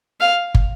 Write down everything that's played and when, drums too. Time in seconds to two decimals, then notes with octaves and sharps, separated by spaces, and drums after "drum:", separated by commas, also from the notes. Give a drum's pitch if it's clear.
0.20 F5
0.55 drum: kick